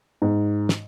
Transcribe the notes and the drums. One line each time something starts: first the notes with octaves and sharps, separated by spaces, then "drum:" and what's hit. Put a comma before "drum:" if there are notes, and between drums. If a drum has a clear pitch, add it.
G#2
drum: snare